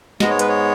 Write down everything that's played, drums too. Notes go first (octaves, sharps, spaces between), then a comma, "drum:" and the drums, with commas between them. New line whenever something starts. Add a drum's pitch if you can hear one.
G#2 G#3 B3 D#5, drum: snare
C#5
B4, drum: hi-hat
C#5